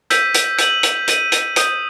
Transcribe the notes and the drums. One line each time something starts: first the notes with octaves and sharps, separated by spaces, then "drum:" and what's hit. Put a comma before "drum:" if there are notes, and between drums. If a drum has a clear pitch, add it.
E6 G6 B6 D#7, drum: hi-hat
drum: hi-hat
G6 D#7 F#7, drum: hi-hat
drum: hi-hat
G6 D#7 F#7, drum: hi-hat
drum: hi-hat
D#6 G6 D#7, drum: hi-hat